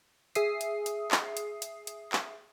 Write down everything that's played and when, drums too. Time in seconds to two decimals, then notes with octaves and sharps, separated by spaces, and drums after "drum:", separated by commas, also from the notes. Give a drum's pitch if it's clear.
0.35 G#4 E5 D#6 C7, drum: hi-hat
0.61 drum: hi-hat
0.86 drum: hi-hat
1.11 drum: clap
1.37 drum: hi-hat
1.62 drum: hi-hat
1.87 drum: hi-hat
2.13 drum: clap